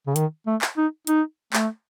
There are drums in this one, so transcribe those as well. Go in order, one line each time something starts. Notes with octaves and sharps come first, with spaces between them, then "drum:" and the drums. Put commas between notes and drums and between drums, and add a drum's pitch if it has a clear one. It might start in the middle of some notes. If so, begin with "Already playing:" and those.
C#3
D#3, drum: hi-hat
A3
drum: clap
D#4
D#4, drum: hi-hat
A3, drum: clap